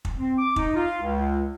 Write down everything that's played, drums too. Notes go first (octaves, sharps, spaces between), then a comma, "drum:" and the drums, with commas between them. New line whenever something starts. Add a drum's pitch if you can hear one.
drum: kick
C4
D6
D#4, drum: kick
F4
C#2